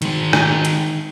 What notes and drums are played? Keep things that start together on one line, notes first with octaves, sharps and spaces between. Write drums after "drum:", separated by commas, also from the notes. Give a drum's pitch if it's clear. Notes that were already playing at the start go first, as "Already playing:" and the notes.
D#3 G#3, drum: hi-hat
drum: rim click
drum: hi-hat